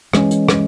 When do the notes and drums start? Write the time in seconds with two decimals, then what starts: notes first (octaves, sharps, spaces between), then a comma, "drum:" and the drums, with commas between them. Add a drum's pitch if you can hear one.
0.13 E3 G#3 C#4, drum: rim click
0.31 drum: hi-hat
0.49 drum: rim click